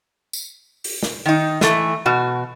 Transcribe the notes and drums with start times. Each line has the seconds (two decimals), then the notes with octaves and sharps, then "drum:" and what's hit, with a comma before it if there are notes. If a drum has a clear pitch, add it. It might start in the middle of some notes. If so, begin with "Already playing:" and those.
0.33 drum: tambourine
0.84 drum: open hi-hat
1.03 drum: snare
1.26 D#3 D#4
1.61 E3 A3, drum: snare
2.06 B2 F#4